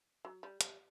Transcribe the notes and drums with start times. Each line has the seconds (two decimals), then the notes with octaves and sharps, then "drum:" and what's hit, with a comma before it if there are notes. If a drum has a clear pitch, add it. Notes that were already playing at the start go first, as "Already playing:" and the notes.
0.25 F#3
0.43 G3
0.61 G3, drum: hi-hat